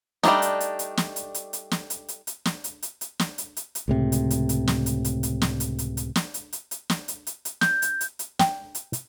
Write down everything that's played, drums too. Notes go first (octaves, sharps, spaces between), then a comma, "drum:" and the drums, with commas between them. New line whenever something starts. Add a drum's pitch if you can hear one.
G3 A3 A#3 D4 D#4, drum: snare
drum: hi-hat
drum: hi-hat
drum: hi-hat
drum: snare
drum: hi-hat
drum: hi-hat
drum: hi-hat
drum: snare
drum: hi-hat
drum: hi-hat
drum: hi-hat
drum: snare
drum: hi-hat
drum: hi-hat
drum: hi-hat
drum: snare
drum: hi-hat
drum: hi-hat
drum: hi-hat
C#2 A2 C3
drum: hi-hat
drum: hi-hat
drum: hi-hat
drum: snare
drum: hi-hat
drum: hi-hat
drum: hi-hat
drum: snare
drum: hi-hat
drum: hi-hat
drum: hi-hat
drum: snare
drum: hi-hat
drum: hi-hat
drum: hi-hat
drum: snare
drum: hi-hat
drum: hi-hat
drum: hi-hat
G6, drum: snare
drum: hi-hat
drum: hi-hat
drum: hi-hat
G5, drum: snare
drum: hi-hat
drum: hi-hat